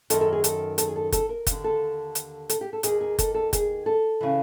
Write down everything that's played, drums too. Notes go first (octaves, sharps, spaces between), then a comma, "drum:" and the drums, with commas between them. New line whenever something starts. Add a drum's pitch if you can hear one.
F#2 D#3 A4, drum: hi-hat
A4
G#4
A4, drum: hi-hat
A4, drum: hi-hat
G#4
A4
A4, drum: kick F#1, hi-hat
A#4
D#2 D3, drum: kick F#1, hi-hat
A4
drum: hi-hat
A4, drum: hi-hat
G4
A4
D#2 D#3 G#4, drum: hi-hat
G#4
A4, drum: kick F#1, hi-hat
A4
G#4, drum: kick F#1, hi-hat
A4
C#3 E3